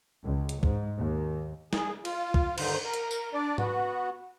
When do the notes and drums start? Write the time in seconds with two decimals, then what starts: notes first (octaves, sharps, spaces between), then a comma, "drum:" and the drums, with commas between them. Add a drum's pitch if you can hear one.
0.23 C#2
0.49 drum: hi-hat
0.63 G#2, drum: kick
0.99 D#2
1.73 G#4, drum: snare
2.05 F4, drum: cymbal
2.34 drum: kick
2.58 G2 D3 D#3 C5, drum: cymbal
2.84 A#4
2.93 drum: hi-hat
3.11 drum: tambourine
3.33 D4 D5
3.58 B3 F#4, drum: tom G#2